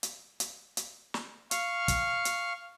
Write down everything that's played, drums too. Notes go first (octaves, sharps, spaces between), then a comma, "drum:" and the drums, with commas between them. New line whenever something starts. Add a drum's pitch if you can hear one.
drum: hi-hat
drum: hi-hat
drum: hi-hat
drum: snare
F5 C#6 F6, drum: hi-hat
drum: kick, hi-hat
drum: hi-hat